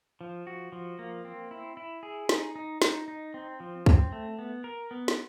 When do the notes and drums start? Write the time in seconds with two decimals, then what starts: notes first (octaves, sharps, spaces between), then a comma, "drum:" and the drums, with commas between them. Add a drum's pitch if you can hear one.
0.21 F3
0.47 F#4
0.72 F3
0.99 A#3
1.25 C4
1.51 E4
1.77 E4
2.03 G#4
2.29 D#4, drum: snare
2.56 D#4
2.82 D#4, drum: snare
3.08 D#4
3.34 C4
3.60 F3
3.86 C4, drum: kick
4.12 A3
4.39 B3
4.64 A#4
4.91 B3
5.08 drum: snare